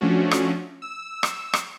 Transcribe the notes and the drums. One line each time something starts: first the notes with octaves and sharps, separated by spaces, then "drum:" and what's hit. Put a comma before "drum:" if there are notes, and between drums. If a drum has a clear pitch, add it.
F3 A3 C#4 D4 F#4
drum: rim click
E6
drum: rim click
drum: rim click